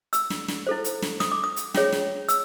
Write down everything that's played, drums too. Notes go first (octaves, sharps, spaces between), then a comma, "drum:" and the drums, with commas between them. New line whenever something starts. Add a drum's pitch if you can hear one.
E6, drum: hi-hat
drum: snare
drum: snare
E4 A4 C5
drum: hi-hat
drum: snare
D#6, drum: snare
D6
D#6
drum: hi-hat
C#4 F4 G#4 C#5, drum: snare
drum: snare
E6, drum: hi-hat